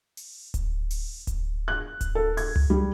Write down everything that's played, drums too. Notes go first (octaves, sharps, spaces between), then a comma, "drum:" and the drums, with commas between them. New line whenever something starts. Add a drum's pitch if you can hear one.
drum: open hi-hat
drum: kick D1, hi-hat
drum: open hi-hat
drum: kick D1, hi-hat
F#6
drum: kick D1, hi-hat
A4
G#6, drum: open hi-hat
drum: tom C#2
G3